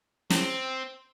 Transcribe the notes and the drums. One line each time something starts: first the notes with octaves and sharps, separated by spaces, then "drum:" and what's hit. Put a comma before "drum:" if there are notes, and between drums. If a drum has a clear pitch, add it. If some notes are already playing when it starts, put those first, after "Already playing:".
C4, drum: snare